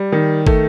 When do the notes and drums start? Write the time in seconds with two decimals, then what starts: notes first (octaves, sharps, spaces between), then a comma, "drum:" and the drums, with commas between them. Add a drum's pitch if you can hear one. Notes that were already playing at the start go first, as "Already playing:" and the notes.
Already playing: G3
0.12 D#3
0.47 A3, drum: kick